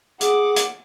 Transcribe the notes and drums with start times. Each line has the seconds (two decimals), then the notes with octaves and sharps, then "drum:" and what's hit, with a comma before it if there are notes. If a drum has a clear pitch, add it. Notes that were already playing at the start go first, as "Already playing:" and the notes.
0.21 G#4 F#5 D6, drum: hi-hat
0.56 drum: hi-hat